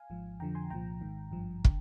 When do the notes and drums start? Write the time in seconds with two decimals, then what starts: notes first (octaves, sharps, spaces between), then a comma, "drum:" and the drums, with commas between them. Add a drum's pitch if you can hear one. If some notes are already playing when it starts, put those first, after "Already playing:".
Already playing: F5 G#5
0.10 G#1 G#2 F3
0.40 F2 D3 F3 G5 A#5
0.55 G#5 C6
0.70 C2 A#2 F3 G5 A#5
1.01 G#1 G#2 D#3
1.31 G#1 G2 F3
1.65 D3, drum: kick